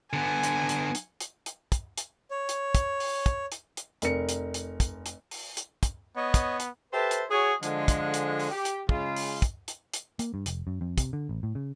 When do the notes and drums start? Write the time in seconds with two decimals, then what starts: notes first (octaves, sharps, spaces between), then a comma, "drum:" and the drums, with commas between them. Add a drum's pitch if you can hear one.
0.13 D3 B3 G#5
0.43 drum: hi-hat
0.69 drum: hi-hat
0.95 drum: hi-hat
1.20 drum: hi-hat
1.46 drum: hi-hat
1.72 drum: kick, hi-hat
1.98 drum: hi-hat
2.31 C#5
2.49 drum: hi-hat
2.75 drum: kick, hi-hat
3.00 drum: open hi-hat
3.26 drum: kick, hi-hat
3.52 drum: hi-hat
3.77 drum: hi-hat
4.02 F1 A#4 C#7, drum: hi-hat
4.29 drum: hi-hat
4.54 drum: hi-hat
4.80 drum: kick, hi-hat
5.06 drum: hi-hat
5.31 drum: open hi-hat
5.57 drum: hi-hat
5.83 drum: kick, hi-hat
6.16 B3 C#5 D#5
6.34 drum: kick, hi-hat
6.60 drum: hi-hat
6.93 G4 A4 B4 C5 E5 A5
7.11 drum: hi-hat
7.30 F#4 G#4 C#5
7.63 D3 F3 G#3, drum: hi-hat
7.88 drum: kick, hi-hat
8.14 drum: hi-hat
8.39 drum: open hi-hat
8.51 G4
8.65 drum: hi-hat
8.89 C#3 G#3 F4, drum: kick
9.16 drum: open hi-hat
9.42 drum: kick, hi-hat
9.68 drum: hi-hat
9.94 drum: hi-hat
10.19 A#3, drum: hi-hat
10.34 G2
10.46 F1, drum: hi-hat
10.67 F#2
10.81 F2
10.98 C3, drum: kick, hi-hat
11.13 D3
11.29 A1
11.43 A2
11.55 C#3